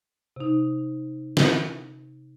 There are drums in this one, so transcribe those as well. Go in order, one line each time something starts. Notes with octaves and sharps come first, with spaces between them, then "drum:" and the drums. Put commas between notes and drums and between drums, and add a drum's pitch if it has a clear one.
C3 D#4
drum: snare